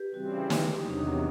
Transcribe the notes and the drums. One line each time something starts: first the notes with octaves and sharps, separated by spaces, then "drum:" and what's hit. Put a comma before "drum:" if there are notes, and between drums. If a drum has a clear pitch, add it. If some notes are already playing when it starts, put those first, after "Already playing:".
Already playing: G4 B4
C#3 E3 G3 C4 F#4
drum: snare
E2 C3 D#3 F#3 D#4
D4
D#4